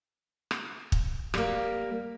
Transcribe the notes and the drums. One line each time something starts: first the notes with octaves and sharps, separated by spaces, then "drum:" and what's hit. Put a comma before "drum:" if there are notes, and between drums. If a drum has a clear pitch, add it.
drum: rim click
drum: kick
G3 A#3, drum: rim click